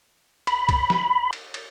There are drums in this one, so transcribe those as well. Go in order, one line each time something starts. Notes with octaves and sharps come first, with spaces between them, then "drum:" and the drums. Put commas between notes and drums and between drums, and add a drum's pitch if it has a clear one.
B5, drum: cymbal
drum: kick, cymbal
drum: snare
drum: cymbal
drum: cymbal